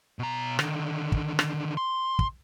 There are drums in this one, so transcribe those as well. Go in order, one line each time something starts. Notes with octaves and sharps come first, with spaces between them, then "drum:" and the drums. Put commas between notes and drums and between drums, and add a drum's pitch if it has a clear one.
B2 A#5
D3 D#3, drum: rim click
drum: kick
drum: rim click
C6
drum: kick